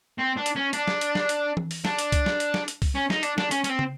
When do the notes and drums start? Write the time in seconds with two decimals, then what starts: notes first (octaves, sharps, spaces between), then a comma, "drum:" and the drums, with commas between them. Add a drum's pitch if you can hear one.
0.18 C4
0.36 D4
0.46 drum: hi-hat
0.55 C#4
0.73 D4, drum: hi-hat
0.88 drum: snare
1.01 drum: hi-hat
1.15 drum: snare
1.29 drum: hi-hat
1.57 drum: tom E3
1.71 drum: open hi-hat
1.85 D4, drum: snare
1.99 drum: hi-hat
2.12 drum: kick C2, hi-hat
2.26 drum: snare
2.40 drum: hi-hat
2.54 drum: snare
2.68 drum: hi-hat
2.82 drum: kick C2, open hi-hat
2.95 C#4
3.10 D#4, drum: snare
3.23 D4, drum: hi-hat
3.38 D4, drum: snare
3.51 C#4, drum: hi-hat
3.64 C#4, drum: hi-hat
3.70 C4
3.79 drum: tom